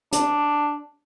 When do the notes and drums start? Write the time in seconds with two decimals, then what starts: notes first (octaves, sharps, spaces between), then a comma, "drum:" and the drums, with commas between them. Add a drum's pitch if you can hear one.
0.12 D4, drum: hi-hat